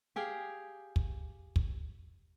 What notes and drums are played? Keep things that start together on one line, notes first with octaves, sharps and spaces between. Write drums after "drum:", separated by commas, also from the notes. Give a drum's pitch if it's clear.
G4 G#4 F5 G5
drum: kick
drum: kick